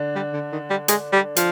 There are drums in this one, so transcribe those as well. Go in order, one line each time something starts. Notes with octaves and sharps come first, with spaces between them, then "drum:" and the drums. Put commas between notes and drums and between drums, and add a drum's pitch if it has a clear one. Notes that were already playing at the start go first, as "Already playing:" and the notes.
Already playing: D3 D4
G3
D3
D#3
G3
G#3, drum: hi-hat
G3
F3, drum: hi-hat